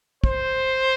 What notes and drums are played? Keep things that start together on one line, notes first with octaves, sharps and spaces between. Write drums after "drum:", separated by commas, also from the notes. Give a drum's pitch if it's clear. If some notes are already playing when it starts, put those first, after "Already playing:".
C5, drum: kick